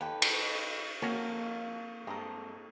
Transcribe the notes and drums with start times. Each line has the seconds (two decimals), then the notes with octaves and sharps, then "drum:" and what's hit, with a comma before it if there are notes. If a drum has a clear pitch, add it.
0.01 D#2 D#4 A4 B4 G5
0.22 drum: cymbal
1.02 F2 A#3 C4 C#4 F#4 F5
2.07 G2 G#3 C4 A4 D#5 A#5